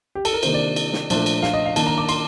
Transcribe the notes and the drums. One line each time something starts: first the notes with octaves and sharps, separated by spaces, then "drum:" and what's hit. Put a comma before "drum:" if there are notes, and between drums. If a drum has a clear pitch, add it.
G4
A4, drum: cymbal
A#4
C3 D#3 A#3 D4 C5, drum: cymbal
D5
drum: cymbal
drum: snare
A#2 F3 A3 D4, drum: cymbal
drum: cymbal
F5, drum: snare
D#5
F5
D#3 A#3 D4 A5, drum: cymbal
A#5
D6
C6, drum: cymbal